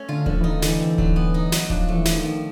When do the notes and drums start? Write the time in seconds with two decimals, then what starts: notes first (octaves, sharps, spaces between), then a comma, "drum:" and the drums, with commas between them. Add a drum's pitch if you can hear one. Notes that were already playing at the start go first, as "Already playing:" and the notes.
Already playing: A3 C#4
0.09 D3 F4
0.26 D3 F3, drum: kick D1
0.40 E3 D#4
0.53 D#3
0.62 D3 E3, drum: snare
0.81 C4
0.98 F#3, drum: kick D1
1.16 B3
1.34 D#4
1.52 F#3, drum: snare
1.70 F3 D4, drum: kick D1
1.89 A3
1.94 E3
2.05 F3, drum: snare
2.18 D#3
2.24 F3